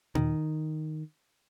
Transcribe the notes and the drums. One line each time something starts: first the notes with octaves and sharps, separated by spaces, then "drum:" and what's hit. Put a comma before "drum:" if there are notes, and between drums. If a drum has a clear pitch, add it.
D#3, drum: tom A#2